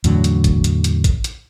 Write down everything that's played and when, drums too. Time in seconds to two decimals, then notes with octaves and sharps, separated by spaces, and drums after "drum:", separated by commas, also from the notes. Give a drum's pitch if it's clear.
0.04 E2 A2 D3 F#3, drum: hi-hat
0.24 drum: hi-hat
0.44 drum: kick, hi-hat
0.64 drum: hi-hat
0.84 drum: hi-hat
1.04 drum: kick, hi-hat
1.24 drum: hi-hat